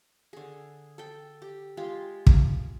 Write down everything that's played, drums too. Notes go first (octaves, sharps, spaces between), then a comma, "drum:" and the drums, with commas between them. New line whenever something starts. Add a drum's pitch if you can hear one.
D3 G#4
A4 G5
G4
G#3 F4 G4 G#4
drum: kick